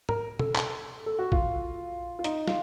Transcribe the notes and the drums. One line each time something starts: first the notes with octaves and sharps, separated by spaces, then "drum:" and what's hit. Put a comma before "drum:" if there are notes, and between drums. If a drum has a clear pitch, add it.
A#4, drum: tom G#2
A4, drum: tom
drum: clap
A4
F#4
F4, drum: kick A#1
F4
D#4, drum: hi-hat
F4, drum: snare